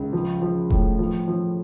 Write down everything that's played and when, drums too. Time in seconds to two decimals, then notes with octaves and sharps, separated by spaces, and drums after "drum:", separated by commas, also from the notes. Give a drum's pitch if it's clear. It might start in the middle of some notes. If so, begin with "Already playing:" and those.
Already playing: C#2
0.13 F3
0.42 F3
0.70 A2, drum: kick E1
0.99 F3
1.28 F3